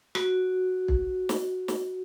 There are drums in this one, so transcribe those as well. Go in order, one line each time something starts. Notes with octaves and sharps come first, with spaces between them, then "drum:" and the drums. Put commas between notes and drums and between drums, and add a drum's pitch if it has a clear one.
F#4, drum: rim click
drum: kick
drum: snare
drum: snare